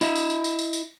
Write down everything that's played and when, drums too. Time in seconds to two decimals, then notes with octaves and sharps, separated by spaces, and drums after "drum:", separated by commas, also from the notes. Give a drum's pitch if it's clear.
0.01 E4 D#5 E5, drum: tambourine
0.16 drum: tambourine
0.30 drum: tambourine
0.44 drum: tambourine
0.59 drum: tambourine
0.73 drum: tambourine